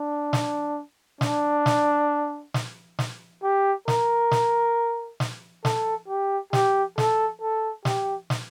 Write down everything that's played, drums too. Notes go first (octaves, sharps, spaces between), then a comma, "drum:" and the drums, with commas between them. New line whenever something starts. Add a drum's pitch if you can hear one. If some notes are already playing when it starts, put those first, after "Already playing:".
Already playing: D4
drum: snare
D4, drum: snare
drum: snare
drum: snare
drum: snare
G4
A#4, drum: snare
drum: snare
drum: snare
A4, drum: snare
G4
G4, drum: snare
A4, drum: snare
A4
G4, drum: snare
drum: snare